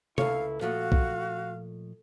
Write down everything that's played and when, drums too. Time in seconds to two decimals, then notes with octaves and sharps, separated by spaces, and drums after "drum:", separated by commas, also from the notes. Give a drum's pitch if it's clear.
0.18 C#2 E4 A4 C#5 F5, drum: tom C3
0.61 A#2 F3 A3 F#4 F5
0.92 drum: kick B1